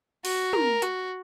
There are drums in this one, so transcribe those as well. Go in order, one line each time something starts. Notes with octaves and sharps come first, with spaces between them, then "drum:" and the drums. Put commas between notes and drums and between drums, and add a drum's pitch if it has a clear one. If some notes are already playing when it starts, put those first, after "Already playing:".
F#4, drum: open hi-hat
A#4, drum: tom
F#4, drum: hi-hat